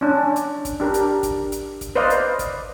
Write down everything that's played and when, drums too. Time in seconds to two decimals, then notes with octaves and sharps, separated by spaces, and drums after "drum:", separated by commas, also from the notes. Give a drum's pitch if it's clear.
0.01 C#4 D4
0.36 drum: hi-hat
0.65 drum: kick, hi-hat
0.80 D4 G4 A#4
0.94 drum: hi-hat
1.23 drum: kick, hi-hat
1.52 drum: hi-hat
1.81 drum: kick, hi-hat
1.95 B4 C5 D5 D#5 F5
2.10 drum: hi-hat
2.39 drum: kick, hi-hat